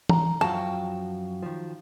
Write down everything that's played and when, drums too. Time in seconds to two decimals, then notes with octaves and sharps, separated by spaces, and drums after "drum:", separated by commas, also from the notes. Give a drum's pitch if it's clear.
0.09 A#5, drum: tom E3
0.41 F#2 F3 F#3 F#4 F5 G5 A5
1.43 D#3 F3